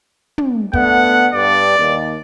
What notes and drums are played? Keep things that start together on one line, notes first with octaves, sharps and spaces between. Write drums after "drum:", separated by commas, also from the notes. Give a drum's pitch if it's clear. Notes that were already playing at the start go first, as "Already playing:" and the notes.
drum: tom
D3 A3 B3 F#5, drum: kick
G2 D5
D#2